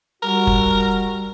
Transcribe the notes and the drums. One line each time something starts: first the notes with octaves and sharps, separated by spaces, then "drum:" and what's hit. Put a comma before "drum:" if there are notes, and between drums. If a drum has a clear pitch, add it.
G3 F#4 A#4
drum: kick